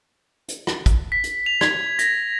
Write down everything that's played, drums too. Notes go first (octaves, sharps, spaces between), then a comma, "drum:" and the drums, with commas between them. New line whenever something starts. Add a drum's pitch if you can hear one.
drum: hi-hat
drum: rim click
drum: kick, hi-hat
B6
drum: hi-hat
F7
G#6, drum: rim click
A#6, drum: hi-hat